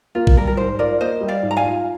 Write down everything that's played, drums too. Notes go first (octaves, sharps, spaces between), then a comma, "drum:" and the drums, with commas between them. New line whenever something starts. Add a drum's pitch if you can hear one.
A#3 F4
drum: kick A#1
G3 A#4
A#4
G#2 C5
F4 A#4 D5
A#3 C5 D#5
G3
D5 F5
G#2
A#5
F5 G#5
F4